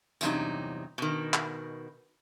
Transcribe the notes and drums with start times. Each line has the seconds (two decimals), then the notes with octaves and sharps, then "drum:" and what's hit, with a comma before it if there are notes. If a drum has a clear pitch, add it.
0.21 E2 G2 C3 F#3 D#4, drum: tambourine
0.98 B2 D#3
1.34 drum: clap